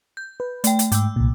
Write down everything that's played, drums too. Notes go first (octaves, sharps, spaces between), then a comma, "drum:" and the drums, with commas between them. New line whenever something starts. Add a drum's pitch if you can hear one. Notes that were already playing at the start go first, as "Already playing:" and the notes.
G6
B4
A3 G5, drum: hi-hat
drum: hi-hat
G#2 G5 D6 E6, drum: hi-hat
C2 A#2